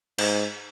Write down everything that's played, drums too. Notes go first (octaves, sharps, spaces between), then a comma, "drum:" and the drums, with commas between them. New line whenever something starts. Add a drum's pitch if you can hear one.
G#2, drum: cymbal